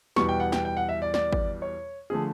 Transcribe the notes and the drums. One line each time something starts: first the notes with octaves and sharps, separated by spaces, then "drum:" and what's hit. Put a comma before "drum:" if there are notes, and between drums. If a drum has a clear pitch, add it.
E2 B2 G3 B3 C#6, drum: snare
G5
F#5
G5, drum: snare
G5
F#5
E5
D5
D5, drum: snare
drum: kick
C#5
D3 F3 A3 G#4